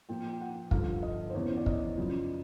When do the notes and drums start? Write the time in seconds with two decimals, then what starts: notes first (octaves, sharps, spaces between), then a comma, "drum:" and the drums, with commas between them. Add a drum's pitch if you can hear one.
0.09 A#2 F3 G5
0.33 G5
0.41 F#5
0.71 G2 D3 F3 F5, drum: kick
1.03 D#5
1.30 C5
1.34 E2 C#3 E3 C#5
1.57 D5
1.66 D#5, drum: kick
1.97 F#2 C#3 F3